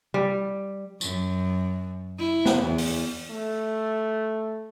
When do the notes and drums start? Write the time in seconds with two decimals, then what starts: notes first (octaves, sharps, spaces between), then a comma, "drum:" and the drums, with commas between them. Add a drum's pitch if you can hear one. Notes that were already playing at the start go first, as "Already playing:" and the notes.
0.14 G3
1.01 F#2, drum: tambourine
2.19 E4
2.45 drum: snare
2.63 E2
2.78 drum: open hi-hat
3.30 A3